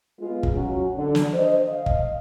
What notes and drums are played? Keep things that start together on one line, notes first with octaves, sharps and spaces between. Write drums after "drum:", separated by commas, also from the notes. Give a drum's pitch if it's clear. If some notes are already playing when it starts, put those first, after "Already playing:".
G#3 B3 F4
drum: kick
F#3 C#4 F#4
D3
drum: snare
C5 D#5
D#5 F5
drum: kick